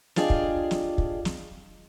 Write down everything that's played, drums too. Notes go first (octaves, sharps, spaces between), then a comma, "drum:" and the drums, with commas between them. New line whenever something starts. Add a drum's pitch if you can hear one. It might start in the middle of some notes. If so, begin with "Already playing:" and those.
D4 F4 G4 G#4 D#5, drum: snare
drum: kick
drum: snare
drum: kick
drum: snare